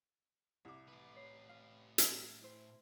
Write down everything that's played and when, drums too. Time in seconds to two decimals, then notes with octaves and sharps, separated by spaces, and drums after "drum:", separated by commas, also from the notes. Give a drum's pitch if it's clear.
0.65 C2 E4 D6
0.88 A2 B4
1.16 C#5 C7
1.49 F5
1.98 drum: hi-hat
2.41 E4 C5